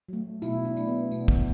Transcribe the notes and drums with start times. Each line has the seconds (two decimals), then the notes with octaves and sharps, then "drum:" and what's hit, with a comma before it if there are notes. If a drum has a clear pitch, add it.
0.09 F#3 A3
0.42 B2 E4, drum: tambourine
0.65 D4
0.77 A3, drum: tambourine
0.88 B3
1.11 B2, drum: tambourine
1.28 drum: kick, tambourine